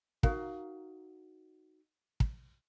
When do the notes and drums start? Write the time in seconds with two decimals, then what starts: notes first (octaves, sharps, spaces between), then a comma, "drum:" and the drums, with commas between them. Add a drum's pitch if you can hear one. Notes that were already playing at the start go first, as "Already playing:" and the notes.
0.23 D#4 F#4 A#4 F5, drum: kick
2.20 drum: kick